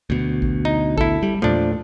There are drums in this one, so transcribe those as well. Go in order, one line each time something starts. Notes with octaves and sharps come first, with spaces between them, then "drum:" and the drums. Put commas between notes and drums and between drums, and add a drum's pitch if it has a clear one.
D2 B2
drum: kick A1
D#4
E4 A4, drum: kick A1
G3
E2 A#2 F3 A3 D4